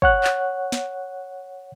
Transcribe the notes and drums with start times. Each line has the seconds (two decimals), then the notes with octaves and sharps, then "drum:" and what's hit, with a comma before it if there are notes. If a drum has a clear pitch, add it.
0.02 C#5 F#5 F#6, drum: kick
0.24 drum: clap
0.72 drum: snare